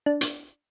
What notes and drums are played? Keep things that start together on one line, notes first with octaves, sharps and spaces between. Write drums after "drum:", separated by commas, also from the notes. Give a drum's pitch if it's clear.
D4
drum: hi-hat